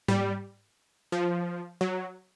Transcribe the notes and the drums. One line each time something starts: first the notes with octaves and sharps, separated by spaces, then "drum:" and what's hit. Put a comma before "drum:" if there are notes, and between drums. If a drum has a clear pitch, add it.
G3, drum: tom G#2
F3
F#3